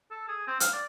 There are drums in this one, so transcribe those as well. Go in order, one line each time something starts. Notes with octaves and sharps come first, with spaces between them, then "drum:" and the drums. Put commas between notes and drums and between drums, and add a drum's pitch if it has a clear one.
A4
G#4
C4
F5, drum: hi-hat
D5